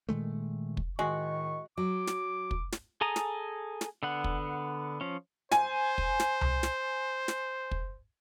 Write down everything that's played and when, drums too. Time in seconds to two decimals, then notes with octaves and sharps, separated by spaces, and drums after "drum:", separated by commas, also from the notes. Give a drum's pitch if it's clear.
0.09 A#2 D#3 G#3 A3
0.77 drum: kick
0.99 A2 D#3 G#3 F#4 C#6
1.78 F#3 D6
2.07 drum: snare
2.51 drum: kick
2.72 drum: snare
3.01 G#4 A4 G#5 A#5 D#6
3.16 drum: snare
3.81 drum: snare
4.03 D3 B3 F#5
4.24 drum: kick
5.01 F3 C#4
5.52 C5 G#5, drum: snare
5.98 drum: kick
6.20 drum: snare
6.41 drum: tom C2
6.63 drum: snare
7.28 drum: snare
7.71 drum: kick